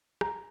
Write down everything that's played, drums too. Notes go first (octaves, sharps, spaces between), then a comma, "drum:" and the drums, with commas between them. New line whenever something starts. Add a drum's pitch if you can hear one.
A#5, drum: rim click